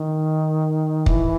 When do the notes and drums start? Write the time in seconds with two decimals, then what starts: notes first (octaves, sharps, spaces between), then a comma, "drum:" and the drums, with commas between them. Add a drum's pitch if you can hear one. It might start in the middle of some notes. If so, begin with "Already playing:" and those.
Already playing: D#3
1.06 E3, drum: kick